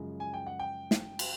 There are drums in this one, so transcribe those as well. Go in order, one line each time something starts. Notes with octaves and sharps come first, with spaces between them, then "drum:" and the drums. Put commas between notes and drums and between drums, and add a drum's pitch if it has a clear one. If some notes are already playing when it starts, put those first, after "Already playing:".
Already playing: F#2 C#3 F3 G#3
G#5
G5
F#5
G5
drum: snare
drum: cymbal